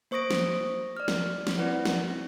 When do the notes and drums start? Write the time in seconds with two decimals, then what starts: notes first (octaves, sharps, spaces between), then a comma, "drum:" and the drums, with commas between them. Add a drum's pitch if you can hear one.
0.11 A#3 C5 C#6 D#6 A#6 D7
0.30 drum: snare
0.97 D5 F6
1.08 drum: snare
1.47 drum: snare
1.58 C4 E4 B4 D5 F#5
1.85 drum: snare
2.10 C4